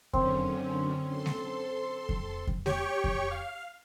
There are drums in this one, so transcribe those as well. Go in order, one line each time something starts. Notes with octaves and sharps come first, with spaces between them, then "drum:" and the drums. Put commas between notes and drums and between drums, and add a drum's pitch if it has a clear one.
F#2 D3 C4 C#4, drum: kick F2
A4 C6
drum: snare G#3
drum: kick F2
drum: kick F2
G4 C#5 G5 C#6, drum: snare G#3
drum: kick F2
F5